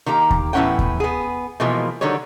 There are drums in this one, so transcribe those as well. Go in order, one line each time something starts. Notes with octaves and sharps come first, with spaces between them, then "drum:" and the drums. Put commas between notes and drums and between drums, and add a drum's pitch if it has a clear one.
D#3 A#3 G4 A#5
drum: kick D#2
A2 E3 B3 C#4 F#5 G5
drum: kick D#2
B3 G#4
B2 E3 F3 G#3 A#3
D3 D#3 F#3 G3 C#5